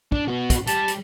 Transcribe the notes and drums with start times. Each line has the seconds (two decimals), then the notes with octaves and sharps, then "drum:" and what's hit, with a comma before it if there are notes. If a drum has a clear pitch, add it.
0.12 D4, drum: kick
0.28 B3 F#4
0.50 drum: kick, hi-hat
0.67 G3 A5, drum: hi-hat
0.88 drum: hi-hat